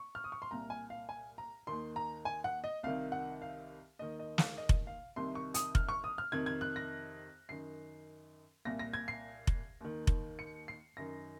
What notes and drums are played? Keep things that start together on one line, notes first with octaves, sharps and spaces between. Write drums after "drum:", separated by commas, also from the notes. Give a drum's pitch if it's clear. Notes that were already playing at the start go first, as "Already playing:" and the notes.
Already playing: C#6
F6
D#6
C#6
C6
C2 A#2 A#5
G#5
F5
G#5
A#5
D#2 D#3 C6
A#5
G#5
F#5
D#5
C2 C3 D#3 F5
F#5
F5
D#2 D#3 D#5
D#5
F5, drum: snare
D#5
drum: kick F1
F5
C2 C3 D#3 C6
C#6
D#6, drum: hi-hat
F6, drum: kick F1
C#6
D#6
F6
F2 C3 D#3 G#6
G#6
F#6
A#6
F#2 D#3 C7
C2 A#2 A#6
A#6
G#6
C7
drum: kick F1
D#2 D#3
drum: kick F1
C#7
C7
F#2 D#3 A#6